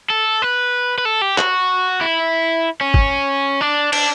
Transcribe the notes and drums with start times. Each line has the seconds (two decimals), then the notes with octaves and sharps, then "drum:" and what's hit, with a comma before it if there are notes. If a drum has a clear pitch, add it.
0.10 A4
0.42 B4
0.98 B4
1.05 A4
1.22 G4
1.38 F#4, drum: clap
2.01 E4
2.81 C#4
2.94 drum: kick G1
3.61 D4
3.93 D4, drum: cymbal